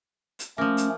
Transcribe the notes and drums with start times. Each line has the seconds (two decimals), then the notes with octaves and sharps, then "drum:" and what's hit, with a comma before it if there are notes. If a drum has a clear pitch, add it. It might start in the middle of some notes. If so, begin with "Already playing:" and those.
0.39 drum: hi-hat
0.58 F3 A3 A#3 C#4
0.77 drum: hi-hat